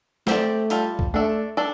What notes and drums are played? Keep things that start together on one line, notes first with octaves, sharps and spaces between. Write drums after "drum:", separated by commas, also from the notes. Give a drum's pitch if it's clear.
A3 C4 G4 D5, drum: snare
G3 F4 A4, drum: hi-hat
drum: kick C2
A3 D4 A4 D5
D4 A4 D5